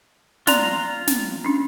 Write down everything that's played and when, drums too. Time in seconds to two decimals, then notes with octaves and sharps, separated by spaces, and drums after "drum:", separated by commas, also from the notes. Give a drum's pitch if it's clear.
0.47 F4 D5 A#5 C6 F#6, drum: snare
1.07 drum: snare
1.45 C#4 D4